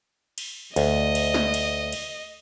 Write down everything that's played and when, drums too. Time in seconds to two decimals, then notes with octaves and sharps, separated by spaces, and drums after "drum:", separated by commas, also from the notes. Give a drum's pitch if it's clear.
0.38 drum: cymbal
0.76 D2 D#5, drum: cymbal
1.15 drum: cymbal
1.34 drum: snare
1.54 drum: cymbal
1.92 drum: cymbal